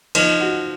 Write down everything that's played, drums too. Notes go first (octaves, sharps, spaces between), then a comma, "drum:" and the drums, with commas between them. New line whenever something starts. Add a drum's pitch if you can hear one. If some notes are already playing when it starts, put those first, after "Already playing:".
F3 D#4, drum: cymbal
F#4